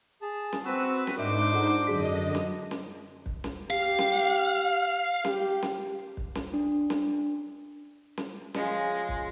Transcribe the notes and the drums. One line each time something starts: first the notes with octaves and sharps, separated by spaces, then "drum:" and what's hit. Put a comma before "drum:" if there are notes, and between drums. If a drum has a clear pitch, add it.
G#4 A5
drum: snare
C4 F#4 B4 E6
drum: snare
G#2 D4 D#4 A#4 C5 E5 D6
F4 A4 F#5
F#2 D3 F#4 G#4 D#5 B6
drum: snare
drum: snare
drum: kick
drum: snare
G4 F5
drum: snare
G4, drum: snare
drum: snare
drum: kick
drum: snare
D4
drum: snare
drum: snare
C#3 F3 G#3, drum: snare
drum: kick